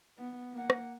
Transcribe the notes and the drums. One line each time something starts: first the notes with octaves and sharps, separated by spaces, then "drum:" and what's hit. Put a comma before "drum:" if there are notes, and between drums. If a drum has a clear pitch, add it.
B3
A#3 F#5
drum: rim click